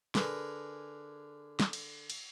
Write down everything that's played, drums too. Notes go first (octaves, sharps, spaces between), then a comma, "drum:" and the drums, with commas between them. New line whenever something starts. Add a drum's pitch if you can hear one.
D3 G#4 A#4 B4, drum: snare
drum: snare
drum: cymbal
drum: cymbal